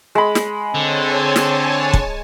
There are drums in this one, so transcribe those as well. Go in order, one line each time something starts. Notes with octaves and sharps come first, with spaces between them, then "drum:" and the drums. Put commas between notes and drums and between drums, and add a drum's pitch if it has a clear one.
G#3 B5
drum: snare
D3 C4 C#5 G#5 A5
drum: snare
drum: kick